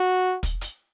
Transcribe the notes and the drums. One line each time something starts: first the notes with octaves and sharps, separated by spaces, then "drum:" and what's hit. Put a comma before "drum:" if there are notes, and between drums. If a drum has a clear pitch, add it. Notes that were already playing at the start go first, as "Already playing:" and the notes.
Already playing: F#4
drum: kick, hi-hat
drum: hi-hat